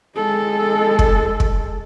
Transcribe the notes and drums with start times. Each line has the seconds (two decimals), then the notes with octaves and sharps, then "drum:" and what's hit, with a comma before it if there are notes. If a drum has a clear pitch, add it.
0.16 G#3 A4
0.99 drum: kick
1.40 drum: kick